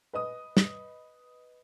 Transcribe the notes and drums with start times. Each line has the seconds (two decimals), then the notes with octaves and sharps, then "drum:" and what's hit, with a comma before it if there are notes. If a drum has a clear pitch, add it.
0.13 B4 D#5 D#6
0.57 drum: snare